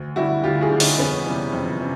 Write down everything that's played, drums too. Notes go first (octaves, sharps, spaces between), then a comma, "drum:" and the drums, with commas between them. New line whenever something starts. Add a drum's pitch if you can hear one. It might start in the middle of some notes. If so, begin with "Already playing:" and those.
Already playing: D2
D3 G3 E4 F#4
D2 F4 G4
F#4 G#4
D3 G3
C#4 D#4, drum: open hi-hat
F2 B3 C#4
C3 E3 G3
F2
C3